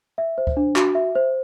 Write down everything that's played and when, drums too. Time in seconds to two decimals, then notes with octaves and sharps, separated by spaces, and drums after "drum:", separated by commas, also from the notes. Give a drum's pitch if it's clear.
0.18 E5
0.38 C5
0.47 drum: kick C#2
0.57 D4
0.76 F#4, drum: clap
0.95 E5
1.15 C5